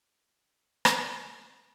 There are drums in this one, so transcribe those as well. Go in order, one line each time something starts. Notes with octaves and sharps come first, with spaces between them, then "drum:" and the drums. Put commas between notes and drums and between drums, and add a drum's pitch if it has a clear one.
drum: rim click
G2 A3